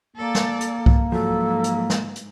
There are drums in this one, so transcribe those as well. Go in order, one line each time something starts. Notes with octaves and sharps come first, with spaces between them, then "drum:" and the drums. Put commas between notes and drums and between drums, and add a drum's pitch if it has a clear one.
A#3 A4 D5
drum: snare
drum: hi-hat
drum: kick C2
G#2 F3 F#3 A4
drum: hi-hat
drum: snare
drum: hi-hat